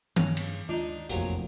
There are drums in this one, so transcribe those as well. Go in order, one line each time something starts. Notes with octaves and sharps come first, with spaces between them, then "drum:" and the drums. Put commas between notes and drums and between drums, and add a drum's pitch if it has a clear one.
G2 C#3 D4, drum: tom D#3
drum: cymbal
D2 D#3 G#3 D4 D#4 F4
F1 A#1 E2 A#2 F#3 G4, drum: hi-hat